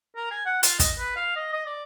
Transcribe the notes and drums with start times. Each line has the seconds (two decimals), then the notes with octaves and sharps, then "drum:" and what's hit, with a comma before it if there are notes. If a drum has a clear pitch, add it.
0.16 A#4
0.31 G#5
0.46 F#5
0.63 F4, drum: hi-hat
0.79 D#5, drum: kick, hi-hat
0.99 B4
1.16 F5
1.36 D#5
1.53 D#5
1.66 D5